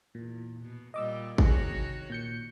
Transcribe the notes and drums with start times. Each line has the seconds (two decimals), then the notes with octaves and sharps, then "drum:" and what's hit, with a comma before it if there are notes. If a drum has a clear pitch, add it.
0.15 E2 A#2
0.60 B2
0.94 A#2 G3 D#5 D6 E6
1.38 C3 D#3 F#4 G#4 C#5, drum: kick
2.10 A#2 G6 C#7